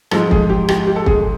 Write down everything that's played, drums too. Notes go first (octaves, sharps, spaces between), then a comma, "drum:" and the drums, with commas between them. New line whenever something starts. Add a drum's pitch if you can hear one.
G#2 F3 G#3 A4, drum: rim click
G#4, drum: kick
G4
G4, drum: rim click
G4
A4
G#4, drum: kick